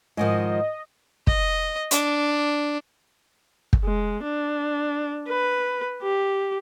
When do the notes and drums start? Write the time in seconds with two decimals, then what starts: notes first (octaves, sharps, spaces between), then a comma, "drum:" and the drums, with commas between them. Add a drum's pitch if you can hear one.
0.17 G#2 D#3 F3 D#5
1.27 D#5, drum: kick
1.91 D4, drum: hi-hat
3.73 drum: kick
3.84 G#3
4.24 D4
5.28 B4
6.03 G4